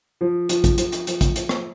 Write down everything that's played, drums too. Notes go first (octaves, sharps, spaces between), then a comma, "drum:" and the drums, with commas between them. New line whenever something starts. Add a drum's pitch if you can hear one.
F3
F3, drum: hi-hat
drum: kick, hi-hat
F3, drum: hi-hat
drum: hi-hat
F3, drum: hi-hat
drum: kick, hi-hat
F3, drum: hi-hat
drum: rim click